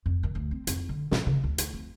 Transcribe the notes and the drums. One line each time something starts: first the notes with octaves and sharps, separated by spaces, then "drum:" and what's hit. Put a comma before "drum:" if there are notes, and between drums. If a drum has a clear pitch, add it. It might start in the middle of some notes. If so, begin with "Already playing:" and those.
F2
D#3
D2
C4
F2, drum: hi-hat
D3
B2, drum: snare
C#3
D2
drum: hi-hat
F2